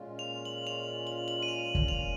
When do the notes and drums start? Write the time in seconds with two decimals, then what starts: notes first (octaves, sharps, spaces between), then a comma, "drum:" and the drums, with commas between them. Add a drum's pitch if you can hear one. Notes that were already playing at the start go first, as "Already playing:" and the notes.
Already playing: A#2 G#3 C#4 F4
0.19 F7
0.45 F#7
0.67 F7
1.07 F#7
1.28 F#7
1.43 D#7
1.48 F7
1.75 drum: kick
1.88 F7